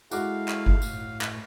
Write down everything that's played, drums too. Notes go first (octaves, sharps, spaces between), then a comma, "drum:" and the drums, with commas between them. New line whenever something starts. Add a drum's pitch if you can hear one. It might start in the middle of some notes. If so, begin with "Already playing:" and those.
G#3 E4 F#4 A4 F5 D6, drum: tambourine
drum: clap
drum: kick G1
A2, drum: tambourine
drum: clap